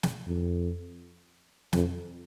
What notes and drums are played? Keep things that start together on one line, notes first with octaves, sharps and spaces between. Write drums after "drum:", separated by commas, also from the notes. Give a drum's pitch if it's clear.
drum: snare
F2
F2, drum: snare